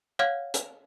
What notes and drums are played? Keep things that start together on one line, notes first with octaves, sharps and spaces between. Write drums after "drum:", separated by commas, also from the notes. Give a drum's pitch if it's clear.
C#5 F5 F#5 F6 G#6
drum: hi-hat